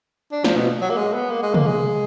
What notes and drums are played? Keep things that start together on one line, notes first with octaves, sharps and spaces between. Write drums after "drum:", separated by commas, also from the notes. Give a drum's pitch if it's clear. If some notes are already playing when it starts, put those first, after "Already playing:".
D4
F3, drum: snare
B2
F#3
A#3
G#3
B3
A#3
G#3
A#3, drum: tom
G#3